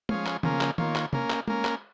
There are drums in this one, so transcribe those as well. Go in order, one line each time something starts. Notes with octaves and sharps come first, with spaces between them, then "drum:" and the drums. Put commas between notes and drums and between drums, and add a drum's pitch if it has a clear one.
F3 C#4 G#4 C#5 F5, drum: tom
drum: clap
C#3 F3 A#3 C#4 A#4, drum: tom
drum: clap
D#3 A#3 F4 C#5, drum: tom
drum: clap
A#3 C#4 A#4, drum: tom C3
drum: clap
A#3 C#4 A#4, drum: tom
drum: clap